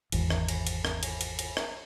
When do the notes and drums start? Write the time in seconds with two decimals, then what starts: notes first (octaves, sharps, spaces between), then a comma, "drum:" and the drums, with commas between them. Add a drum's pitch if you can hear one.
0.12 G#1 E2, drum: cymbal
0.30 drum: rim click
0.48 drum: cymbal
0.67 drum: cymbal
0.85 drum: rim click
1.03 drum: cymbal
1.21 drum: cymbal
1.39 drum: cymbal
1.57 drum: rim click